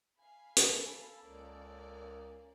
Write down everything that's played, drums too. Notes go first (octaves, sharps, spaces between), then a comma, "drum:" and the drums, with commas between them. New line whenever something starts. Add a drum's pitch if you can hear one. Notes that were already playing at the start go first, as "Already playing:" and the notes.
F5 G#5 B5
A4, drum: hi-hat
C#2 A#3 C#4 D5